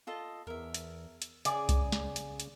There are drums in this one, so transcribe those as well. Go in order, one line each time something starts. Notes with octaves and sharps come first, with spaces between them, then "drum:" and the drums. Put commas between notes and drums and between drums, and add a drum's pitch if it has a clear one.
F4 A4 D#5
E2 A#4 E5
drum: hi-hat
drum: hi-hat
C#3 G#4 D5 D6, drum: hi-hat
drum: kick C2, hi-hat
drum: snare
drum: hi-hat
drum: hi-hat